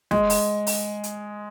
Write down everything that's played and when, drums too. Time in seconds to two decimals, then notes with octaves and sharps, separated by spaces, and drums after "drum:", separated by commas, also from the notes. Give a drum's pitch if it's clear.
0.11 G#3, drum: snare
0.30 drum: open hi-hat
0.67 drum: open hi-hat
1.03 drum: hi-hat